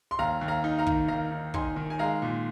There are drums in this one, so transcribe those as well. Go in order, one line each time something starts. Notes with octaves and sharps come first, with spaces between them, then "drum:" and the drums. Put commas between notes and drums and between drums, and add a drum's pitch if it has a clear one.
C6
D#2 F5 A#5
D#2
F5 A#5
D#4
F5 A#5
D#3, drum: kick
D#3 F5 A#5
D#4
D#4 G#5 C6, drum: kick
D#3
G#5
G#3 F5 A#5
A#2